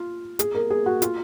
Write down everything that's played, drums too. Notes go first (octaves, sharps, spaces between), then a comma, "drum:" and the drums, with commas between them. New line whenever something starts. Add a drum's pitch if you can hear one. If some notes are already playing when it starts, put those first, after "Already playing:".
Already playing: F4
G#4, drum: hi-hat
A#4
G#4
F#4
F4, drum: hi-hat